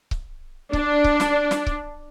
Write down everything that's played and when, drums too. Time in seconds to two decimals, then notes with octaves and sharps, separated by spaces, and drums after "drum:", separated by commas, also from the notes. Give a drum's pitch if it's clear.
0.11 drum: kick C#1
0.73 D4, drum: kick C#1
1.04 drum: kick C#1
1.20 drum: snare
1.51 drum: snare
1.67 drum: kick C#1